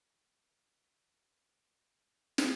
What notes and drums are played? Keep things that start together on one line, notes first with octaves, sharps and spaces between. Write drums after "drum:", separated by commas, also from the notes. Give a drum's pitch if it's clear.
C3 G4 F#6 C#7 F7
drum: snare